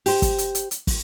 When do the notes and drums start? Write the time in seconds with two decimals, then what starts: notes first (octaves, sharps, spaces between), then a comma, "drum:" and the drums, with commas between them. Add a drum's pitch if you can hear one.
0.06 G4 C5, drum: open hi-hat
0.22 drum: kick, hi-hat
0.38 drum: hi-hat
0.55 drum: hi-hat
0.71 drum: hi-hat
0.87 drum: kick, open hi-hat